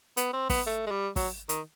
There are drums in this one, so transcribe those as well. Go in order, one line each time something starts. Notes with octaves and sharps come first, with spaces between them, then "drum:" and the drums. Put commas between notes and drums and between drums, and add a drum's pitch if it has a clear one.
B3, drum: hi-hat
C4
B3, drum: kick, open hi-hat
A3
G#3
G3
F#3, drum: kick, open hi-hat
D#3, drum: hi-hat